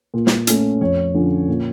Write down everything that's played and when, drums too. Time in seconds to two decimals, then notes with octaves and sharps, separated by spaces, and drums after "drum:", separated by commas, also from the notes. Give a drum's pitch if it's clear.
0.14 A#2
0.27 drum: snare
0.47 A3 C#4, drum: hi-hat
0.81 F2 C#5
1.14 D3 F3 C#4
1.48 A#2